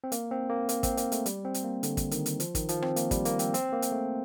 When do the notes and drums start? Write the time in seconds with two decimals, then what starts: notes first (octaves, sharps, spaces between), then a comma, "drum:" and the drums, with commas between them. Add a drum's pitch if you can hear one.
0.04 C4
0.12 A#3, drum: hi-hat
0.31 C4
0.49 A#3
0.69 A#3, drum: hi-hat
0.83 C4, drum: kick, hi-hat
0.97 A#3, drum: hi-hat
1.12 A3, drum: hi-hat
1.26 G3, drum: hi-hat
1.45 C4
1.54 drum: hi-hat
1.64 A#3
1.83 D3, drum: hi-hat
1.97 drum: kick, hi-hat
2.11 D#3, drum: hi-hat
2.26 drum: hi-hat
2.40 F3, drum: hi-hat
2.55 D#3, drum: kick, hi-hat
2.69 F3, drum: hi-hat
2.82 C4, drum: rim click
2.96 A#3, drum: hi-hat
3.11 G3, drum: kick, hi-hat
3.25 A#3, drum: hi-hat
3.39 C4, drum: hi-hat
3.54 C4, drum: hi-hat
3.73 A#3
3.82 drum: hi-hat
3.92 A3